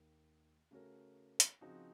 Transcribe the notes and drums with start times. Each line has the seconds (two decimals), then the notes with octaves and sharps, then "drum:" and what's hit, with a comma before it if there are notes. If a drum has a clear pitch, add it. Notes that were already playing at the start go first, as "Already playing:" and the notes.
Already playing: D#2 D#3 A#3
0.71 C#3 A3 C#4 F#4 A#4
1.40 drum: hi-hat
1.61 C#3 F3 C4 D#4 F#4